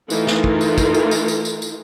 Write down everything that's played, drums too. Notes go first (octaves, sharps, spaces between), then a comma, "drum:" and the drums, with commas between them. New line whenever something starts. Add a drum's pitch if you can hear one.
E3 A3 D#4 F4 A#4, drum: tambourine
drum: snare
drum: kick
drum: tambourine
drum: kick, tambourine
drum: tambourine
drum: tambourine
drum: tambourine
drum: tambourine
drum: tambourine